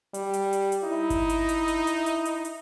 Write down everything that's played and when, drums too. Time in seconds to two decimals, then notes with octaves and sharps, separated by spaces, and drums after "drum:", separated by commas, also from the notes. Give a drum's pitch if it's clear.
0.14 G3, drum: hi-hat
0.33 drum: hi-hat
0.53 drum: hi-hat
0.72 drum: hi-hat
0.84 D#4 E4
1.10 drum: kick G1, hi-hat
1.29 drum: hi-hat
1.49 drum: hi-hat
1.68 drum: hi-hat
1.87 drum: hi-hat
2.06 drum: hi-hat
2.25 drum: hi-hat
2.45 drum: hi-hat